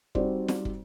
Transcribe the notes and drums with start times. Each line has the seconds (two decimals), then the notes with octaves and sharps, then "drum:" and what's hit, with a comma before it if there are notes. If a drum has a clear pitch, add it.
0.15 G3 C4 D#4 F#4 C5 D5, drum: kick
0.48 drum: snare
0.65 drum: kick